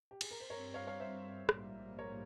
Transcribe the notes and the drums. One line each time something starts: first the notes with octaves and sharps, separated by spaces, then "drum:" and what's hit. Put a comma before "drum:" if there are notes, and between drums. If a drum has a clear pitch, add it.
G4
G#4, drum: cymbal
A#4
C5
G2 G3 C4 A#4 C#5
C#5 F5
C#5 F5
C5 E5
A#1 G#2 G3 A#3, drum: rim click
A#4 C#5